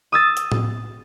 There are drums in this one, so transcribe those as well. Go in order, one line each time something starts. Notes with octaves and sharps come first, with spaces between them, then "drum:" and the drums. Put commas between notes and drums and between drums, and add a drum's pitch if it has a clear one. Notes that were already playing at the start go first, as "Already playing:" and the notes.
D#6 E6 A6
drum: hi-hat
drum: tom A2